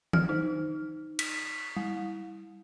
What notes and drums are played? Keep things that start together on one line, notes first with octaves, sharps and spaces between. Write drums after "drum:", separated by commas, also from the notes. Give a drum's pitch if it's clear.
F6, drum: tom D#3
D#4
B6, drum: cymbal
G3